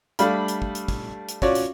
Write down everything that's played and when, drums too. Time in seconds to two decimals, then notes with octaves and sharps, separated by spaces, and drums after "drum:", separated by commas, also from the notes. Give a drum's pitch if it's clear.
0.19 G3 A3 D4 F5 B5, drum: hi-hat
0.48 drum: hi-hat
0.62 drum: kick
0.75 drum: hi-hat
0.88 drum: kick
1.29 drum: hi-hat
1.42 C#4 F4 F#4 C#5 D5, drum: kick
1.55 drum: hi-hat